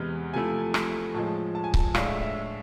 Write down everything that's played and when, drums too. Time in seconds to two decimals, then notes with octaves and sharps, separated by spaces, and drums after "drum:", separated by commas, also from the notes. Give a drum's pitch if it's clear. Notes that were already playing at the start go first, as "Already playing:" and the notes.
Already playing: E2 C3 G#3 B3 F6
0.34 C3 F3 A3 E4 G#5
0.74 drum: rim click
1.14 A2 F3 G#3 A5
1.55 A5
1.64 G#5
1.74 A5, drum: kick C#1
1.95 A2 G#3 D4 F5, drum: rim click
2.08 E5
2.22 E5